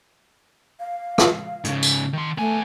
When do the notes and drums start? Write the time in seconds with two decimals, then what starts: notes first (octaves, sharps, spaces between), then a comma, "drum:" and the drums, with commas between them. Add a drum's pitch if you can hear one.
0.80 F5
1.18 drum: rim click
1.64 G#2 C#3, drum: hi-hat
1.83 drum: tambourine
2.13 D#3 C6
2.38 A3 B3 G#5